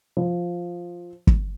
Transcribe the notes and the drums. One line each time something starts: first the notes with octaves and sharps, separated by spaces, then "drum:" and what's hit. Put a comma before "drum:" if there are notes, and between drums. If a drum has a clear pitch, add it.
F3
drum: kick